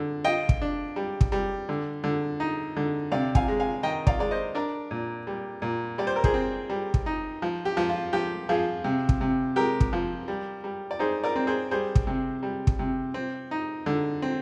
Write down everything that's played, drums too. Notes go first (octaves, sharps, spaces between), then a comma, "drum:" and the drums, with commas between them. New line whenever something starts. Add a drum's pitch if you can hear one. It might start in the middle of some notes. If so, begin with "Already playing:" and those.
Already playing: D3
F4 D#5 G5
drum: kick
D4
G3
drum: kick
G3
D3
D3
D#4
D3
C3 D5 F5
F5 G#5, drum: kick
G#3
F5 G#5
D#3 D#5 G5
D5 F5, drum: kick
G#3 D5
C5 D#5
D4 A#4 D5
A#2
G3
A#2
G3 D5
C5
A#4
G#4 C5, drum: kick
C4
G3
drum: kick
D#4
F3
G4
F3
F4
F3 G4
F3 F4 G#4
C3
drum: kick
C3
G#3 G4 A#4
drum: kick
F3
G3
G3
D5
D#4 G#4 C5
A#4 D5
C4
G#4 C5
G3 G#4 C5
drum: kick
C3
G3
drum: kick
C3
C4
D#4
D3
C4